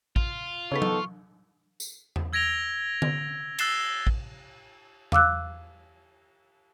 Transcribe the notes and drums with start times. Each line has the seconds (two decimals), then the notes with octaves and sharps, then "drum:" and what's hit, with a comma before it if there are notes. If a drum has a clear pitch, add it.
0.16 F4, drum: kick
0.72 C#3 B3 D#4 G#4 A4 B4 C#6
0.82 drum: tom F#3
1.80 drum: tambourine
2.16 drum: tom E2
2.33 E6 G#6 A#6 D7 F7 G7
3.02 drum: tom D3
3.59 E6 F#6 A6 C7 E7 G7, drum: cymbal
4.07 drum: kick
5.12 F5 D6 E6 F#6, drum: tom E2